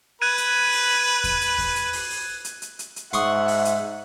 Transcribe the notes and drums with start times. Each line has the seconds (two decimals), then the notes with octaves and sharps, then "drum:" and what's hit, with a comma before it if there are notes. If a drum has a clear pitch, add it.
0.22 B4 F#6 G#6 D#7
0.38 drum: hi-hat
0.72 drum: open hi-hat
1.24 drum: kick E2, hi-hat
1.41 drum: hi-hat
1.58 drum: kick E2, open hi-hat
1.76 drum: hi-hat
1.93 drum: open hi-hat
2.10 drum: open hi-hat
2.44 drum: hi-hat
2.62 drum: hi-hat
2.79 drum: hi-hat
2.96 drum: hi-hat
3.13 G#2 E5 F#5 C6 C#6 D#6, drum: hi-hat
3.48 drum: open hi-hat
3.65 drum: hi-hat